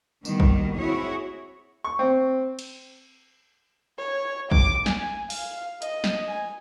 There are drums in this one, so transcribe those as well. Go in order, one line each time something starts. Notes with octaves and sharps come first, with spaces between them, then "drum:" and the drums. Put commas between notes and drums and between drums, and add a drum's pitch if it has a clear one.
B2 D#3 G3 A#3 B3, drum: tambourine
drum: kick
C4 E4 F#4 G#4 C#5
C#6
C4
drum: cymbal
C#5
D6, drum: kick
G#5, drum: snare
F5, drum: open hi-hat
D#5, drum: hi-hat
drum: snare
G#5